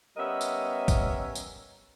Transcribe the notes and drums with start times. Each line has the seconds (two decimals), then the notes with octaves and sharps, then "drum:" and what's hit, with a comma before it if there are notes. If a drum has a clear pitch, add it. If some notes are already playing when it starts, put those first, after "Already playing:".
0.17 G3 B3 C#4 A#4 D#5 E5
0.41 drum: tambourine
0.88 drum: kick, tambourine
1.35 drum: tambourine